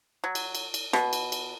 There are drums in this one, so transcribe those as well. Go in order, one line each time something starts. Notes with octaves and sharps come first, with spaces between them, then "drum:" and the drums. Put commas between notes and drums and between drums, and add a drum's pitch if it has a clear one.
F#3
drum: cymbal
drum: cymbal
drum: cymbal
B2, drum: snare
drum: cymbal
drum: cymbal